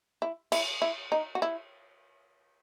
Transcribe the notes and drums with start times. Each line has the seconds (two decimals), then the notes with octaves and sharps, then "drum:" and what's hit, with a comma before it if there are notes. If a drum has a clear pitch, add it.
0.22 E4
0.52 E4, drum: cymbal
0.82 E4
1.12 D#4
1.35 F#4
1.42 E4